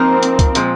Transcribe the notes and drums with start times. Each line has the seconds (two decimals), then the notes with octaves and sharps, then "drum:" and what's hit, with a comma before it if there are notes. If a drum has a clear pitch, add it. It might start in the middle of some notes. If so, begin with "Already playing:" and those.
Already playing: F3 A#3 C4 D#4 A#4
0.23 drum: hi-hat
0.39 drum: kick C2, hi-hat
0.55 A#2 F3 G#3, drum: hi-hat